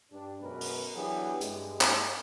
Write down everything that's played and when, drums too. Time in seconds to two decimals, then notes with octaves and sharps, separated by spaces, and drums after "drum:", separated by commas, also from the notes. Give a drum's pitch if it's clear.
0.12 G2 D4 G4
0.41 F#2 B2 G#3 C#4 A#4 B4
0.61 drum: open hi-hat
0.95 E3 F#3 B3 D4 G4 G#4
1.41 G2 G#3, drum: hi-hat
1.81 drum: clap